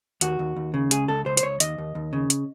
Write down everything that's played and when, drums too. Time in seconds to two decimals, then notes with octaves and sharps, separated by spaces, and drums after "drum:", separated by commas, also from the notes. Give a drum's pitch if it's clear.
0.21 D#2 F#4, drum: hi-hat
0.39 D#2
0.56 D#2
0.74 C#3
0.91 C#2 G#4, drum: hi-hat
1.08 C#2 A4
1.26 C#2 C5
1.37 C5, drum: hi-hat
1.43 C#2 C#5
1.60 D#2 D#5, drum: hi-hat
1.78 D#2
1.95 D#2
2.13 C#3
2.30 drum: hi-hat